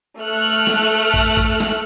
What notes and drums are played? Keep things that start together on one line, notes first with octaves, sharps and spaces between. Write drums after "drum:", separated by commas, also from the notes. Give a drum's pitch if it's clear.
A3 F6 F#6
drum: snare
drum: kick A1
drum: kick A1
drum: snare